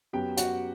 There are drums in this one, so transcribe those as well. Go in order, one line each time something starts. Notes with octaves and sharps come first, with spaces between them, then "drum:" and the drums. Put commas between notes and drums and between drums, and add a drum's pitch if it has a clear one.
F#2 F#3 B3 G4 G5
F#4 F#5, drum: hi-hat